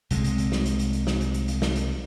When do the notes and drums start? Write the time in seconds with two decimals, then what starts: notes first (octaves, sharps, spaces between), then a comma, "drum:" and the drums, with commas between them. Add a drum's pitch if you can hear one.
0.11 C2 C3 G3 G#3, drum: hi-hat
0.24 drum: hi-hat
0.38 drum: hi-hat
0.52 drum: snare
0.66 drum: hi-hat
0.79 drum: hi-hat
0.93 drum: hi-hat
1.07 drum: snare
1.21 drum: hi-hat
1.34 drum: hi-hat
1.48 drum: hi-hat
1.62 drum: snare
1.76 drum: hi-hat